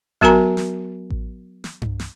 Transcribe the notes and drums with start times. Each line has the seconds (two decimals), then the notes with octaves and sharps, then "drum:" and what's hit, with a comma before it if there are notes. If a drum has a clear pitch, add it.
0.21 F#3 B3 F#4 A#4 G#5 A#5, drum: kick A1
0.57 drum: snare
1.10 drum: kick A1
1.64 drum: snare
1.82 drum: tom G2
1.99 drum: snare